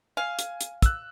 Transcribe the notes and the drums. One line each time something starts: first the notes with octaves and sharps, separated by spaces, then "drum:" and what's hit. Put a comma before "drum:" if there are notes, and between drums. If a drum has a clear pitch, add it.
F5 G#5
drum: hi-hat
drum: hi-hat
E6 F#6, drum: kick, hi-hat